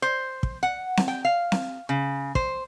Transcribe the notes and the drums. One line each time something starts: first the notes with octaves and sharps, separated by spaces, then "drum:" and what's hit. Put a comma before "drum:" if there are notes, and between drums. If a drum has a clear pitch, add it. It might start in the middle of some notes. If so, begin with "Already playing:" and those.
C5
drum: kick
F#5
drum: snare C4
G5
F5
drum: snare C4
C#3
C5, drum: kick